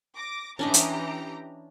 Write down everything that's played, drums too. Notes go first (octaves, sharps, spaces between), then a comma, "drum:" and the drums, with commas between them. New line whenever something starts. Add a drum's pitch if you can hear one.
D6 A#6
E3 C#4 D4 G4 D#5 A#5
drum: hi-hat